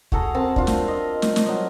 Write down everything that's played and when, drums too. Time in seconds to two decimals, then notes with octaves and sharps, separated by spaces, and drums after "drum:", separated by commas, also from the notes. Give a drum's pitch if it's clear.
0.12 F#4 G#4 A4 A#5, drum: kick
0.35 C4 A#4 A5
0.56 D4 F4, drum: kick
0.67 drum: snare
0.88 D#5
1.22 drum: snare
1.36 drum: snare
1.46 F#3 D#5